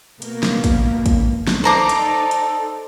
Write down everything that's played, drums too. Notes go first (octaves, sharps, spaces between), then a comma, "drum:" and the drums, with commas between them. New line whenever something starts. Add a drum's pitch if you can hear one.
B2 A#3, drum: hi-hat
drum: snare
drum: kick, hi-hat
drum: kick, hi-hat
drum: snare
D#4 A4 C5 D5 A#5 D6
drum: hi-hat
drum: hi-hat